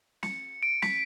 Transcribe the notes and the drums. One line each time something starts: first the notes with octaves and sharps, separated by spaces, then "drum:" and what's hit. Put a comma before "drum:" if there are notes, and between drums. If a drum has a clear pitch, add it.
C#7, drum: snare
D7
B6, drum: snare